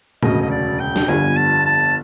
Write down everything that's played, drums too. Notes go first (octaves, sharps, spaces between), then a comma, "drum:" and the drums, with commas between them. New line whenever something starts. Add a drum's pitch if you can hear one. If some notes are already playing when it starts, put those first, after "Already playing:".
E1 D2 C#3 F#3 D#5, drum: tom A2
D#5
D5
G5
drum: snare
G1 F2 D3 G3 B3 G#5
A5
A5